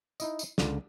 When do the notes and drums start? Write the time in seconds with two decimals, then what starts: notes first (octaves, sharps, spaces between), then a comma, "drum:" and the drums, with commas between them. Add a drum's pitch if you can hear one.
0.20 D#4 E4 D#5, drum: tambourine
0.39 drum: tambourine
0.58 C#2 D3 F4 D5, drum: snare